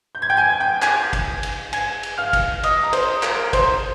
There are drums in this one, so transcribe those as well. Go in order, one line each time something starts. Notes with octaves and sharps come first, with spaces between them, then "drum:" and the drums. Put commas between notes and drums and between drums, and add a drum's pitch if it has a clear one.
G6
G#6
G5 G6
G#5 G#6
G5 G6
G#5 G#6, drum: clap
drum: kick, cymbal
drum: cymbal
G#5 G#6, drum: cymbal
drum: cymbal
F5 F6
drum: kick, cymbal
D#5 D#6, drum: cymbal
A#5
C5 C6, drum: cymbal
A#4 A#5, drum: clap
C5 C6, drum: kick, cymbal